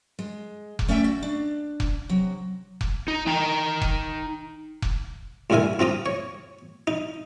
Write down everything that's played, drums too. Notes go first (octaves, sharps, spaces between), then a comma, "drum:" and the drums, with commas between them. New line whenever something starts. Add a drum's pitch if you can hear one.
G#3
drum: kick F1
A3 C#4 D5 E5 G5
F#4
D4
drum: kick F1
C3 F#3
drum: kick F1
D#4
D#4 G5 A#5
drum: kick F1
drum: kick F1
C#2 G2 D3 E4 A#4 G#5
C4 F4 A#5 D#6
C#5
D#4